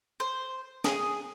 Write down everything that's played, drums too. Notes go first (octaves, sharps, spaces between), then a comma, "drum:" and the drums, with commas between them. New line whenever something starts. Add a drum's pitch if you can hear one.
C5
G#4, drum: snare